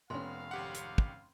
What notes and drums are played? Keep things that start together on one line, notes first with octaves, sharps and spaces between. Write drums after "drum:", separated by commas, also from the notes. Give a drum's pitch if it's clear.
F1 B3 C#4 F5 C6
G#1 G4 F#5
drum: hi-hat
drum: kick